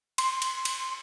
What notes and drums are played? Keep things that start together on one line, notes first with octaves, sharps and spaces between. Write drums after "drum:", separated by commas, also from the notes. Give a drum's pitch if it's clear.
C6, drum: cymbal
drum: cymbal
drum: cymbal